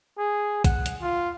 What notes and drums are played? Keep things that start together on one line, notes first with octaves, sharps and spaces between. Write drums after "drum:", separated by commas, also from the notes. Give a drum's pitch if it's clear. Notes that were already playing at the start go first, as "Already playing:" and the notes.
G#4
F#5, drum: kick, hi-hat
drum: hi-hat
F4